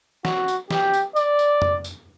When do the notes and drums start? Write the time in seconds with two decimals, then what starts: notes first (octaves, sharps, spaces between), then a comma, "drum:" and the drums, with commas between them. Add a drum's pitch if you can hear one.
0.25 F#4, drum: snare
0.48 drum: tambourine
0.71 G4, drum: snare
0.93 drum: tambourine
1.16 D5, drum: tambourine
1.39 drum: tambourine
1.62 drum: tom F2
1.84 drum: tambourine